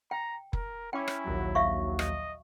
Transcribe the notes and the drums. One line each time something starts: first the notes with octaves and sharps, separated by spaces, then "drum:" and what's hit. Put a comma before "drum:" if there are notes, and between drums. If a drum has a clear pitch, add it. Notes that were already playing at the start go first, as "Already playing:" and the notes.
G5 A#5
A#4, drum: kick
C#4 E4 G5 D6
drum: rim click
A#1 D#2 F#3
E5 F5 C#6
D#5, drum: rim click